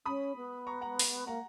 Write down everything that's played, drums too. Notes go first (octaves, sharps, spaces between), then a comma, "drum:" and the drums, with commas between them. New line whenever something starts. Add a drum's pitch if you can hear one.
C#4 B5 D#6
B3
A#5 C#6
F#5 A#5
drum: open hi-hat
A#3 F#5 A#5